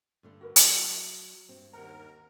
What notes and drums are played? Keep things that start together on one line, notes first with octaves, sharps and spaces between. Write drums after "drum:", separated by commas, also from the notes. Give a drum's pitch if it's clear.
G2 D3 A3
F#4 A#4 B4
F#3 E5, drum: hi-hat
G2 C4
D#2 A#4 F#5 A#5